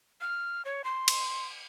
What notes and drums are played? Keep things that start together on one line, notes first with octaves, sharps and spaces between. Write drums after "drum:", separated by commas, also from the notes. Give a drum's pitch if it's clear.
F6
C#5
C6
drum: cymbal